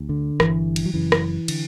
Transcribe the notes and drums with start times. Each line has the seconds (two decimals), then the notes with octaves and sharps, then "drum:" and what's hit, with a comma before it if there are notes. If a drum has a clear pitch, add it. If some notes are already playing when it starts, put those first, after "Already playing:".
Already playing: D2
0.09 D3
0.40 G1 G2 D3 E3, drum: rim click
0.76 drum: cymbal
0.85 F#3
0.94 F#1 F#2 C#3 E3
1.12 drum: rim click
1.48 D3, drum: cymbal